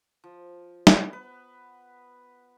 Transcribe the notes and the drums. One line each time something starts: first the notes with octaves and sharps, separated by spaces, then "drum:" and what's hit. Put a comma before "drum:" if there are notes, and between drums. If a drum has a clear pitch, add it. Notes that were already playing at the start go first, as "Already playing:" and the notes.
F3
B3, drum: snare
B4